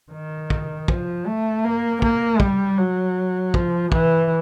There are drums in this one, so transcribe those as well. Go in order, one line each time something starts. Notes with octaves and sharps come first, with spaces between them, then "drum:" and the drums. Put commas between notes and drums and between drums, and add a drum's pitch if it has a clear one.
D#3
drum: kick
F3, drum: kick
A3
A#3
A#3, drum: kick
G3, drum: kick
F#3
F3, drum: kick
E3, drum: kick